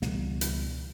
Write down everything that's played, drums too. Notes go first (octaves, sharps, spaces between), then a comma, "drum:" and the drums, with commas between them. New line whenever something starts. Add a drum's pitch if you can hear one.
C#2 B2 E3 G3, drum: snare
drum: hi-hat